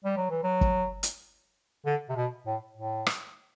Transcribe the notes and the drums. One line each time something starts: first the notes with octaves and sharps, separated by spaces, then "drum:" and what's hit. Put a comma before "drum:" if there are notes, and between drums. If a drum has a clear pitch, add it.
G3
F#3
E3
F#3
drum: kick
drum: hi-hat
D3
C3
B2
A2
A2
drum: rim click